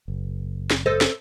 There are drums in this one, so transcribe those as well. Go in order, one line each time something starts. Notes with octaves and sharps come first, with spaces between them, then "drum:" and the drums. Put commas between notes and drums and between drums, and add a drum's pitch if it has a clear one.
F#1
drum: snare
A4 C5 D#5
drum: snare